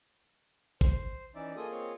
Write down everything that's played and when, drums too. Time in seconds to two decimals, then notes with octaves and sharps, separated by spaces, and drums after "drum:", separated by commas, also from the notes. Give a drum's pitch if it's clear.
0.81 C5, drum: kick G#1, hi-hat
1.35 E3 C#4 D#4 D5 E5
1.56 A#3 F4 G#4 A4 D#5 D#6
1.71 C4 C#5 D#5